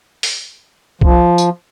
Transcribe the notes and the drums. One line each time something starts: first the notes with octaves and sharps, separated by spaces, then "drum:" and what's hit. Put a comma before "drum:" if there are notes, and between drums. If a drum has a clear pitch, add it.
drum: open hi-hat
F3, drum: kick B1
drum: tambourine